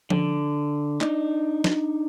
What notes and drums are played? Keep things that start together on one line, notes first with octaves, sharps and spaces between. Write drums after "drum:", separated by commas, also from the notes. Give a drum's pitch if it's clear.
D3, drum: tom F3
D4 D#4, drum: clap
drum: snare